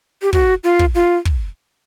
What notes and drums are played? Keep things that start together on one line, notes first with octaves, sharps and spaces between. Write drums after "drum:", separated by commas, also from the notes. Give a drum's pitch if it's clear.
G4
F#4, drum: kick
F4
drum: kick
F4
drum: kick